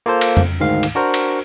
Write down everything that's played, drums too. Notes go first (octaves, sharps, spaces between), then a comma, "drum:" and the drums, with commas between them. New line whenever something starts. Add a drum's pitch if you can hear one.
A#3 F4 A4 C5
drum: cymbal
drum: tom F2
D2 G#2 D#3 F5
drum: cymbal
D4 F#4 A#4 C5
drum: cymbal